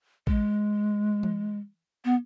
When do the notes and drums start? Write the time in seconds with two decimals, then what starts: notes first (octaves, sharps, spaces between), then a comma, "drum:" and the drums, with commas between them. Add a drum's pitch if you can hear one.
0.27 G#3, drum: kick A1
1.23 drum: tom E3
2.05 B3